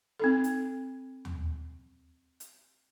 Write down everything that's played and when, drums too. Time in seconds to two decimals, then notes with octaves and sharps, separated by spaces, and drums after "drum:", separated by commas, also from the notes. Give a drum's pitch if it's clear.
0.19 C4 D#4 A4
0.44 drum: hi-hat
1.25 drum: tom
2.40 drum: hi-hat